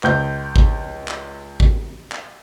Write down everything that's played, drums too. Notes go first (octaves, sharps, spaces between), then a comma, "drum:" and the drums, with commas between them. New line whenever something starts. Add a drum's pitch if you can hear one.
C#2 G6, drum: clap
drum: kick G#1
drum: clap
drum: kick G#1
drum: clap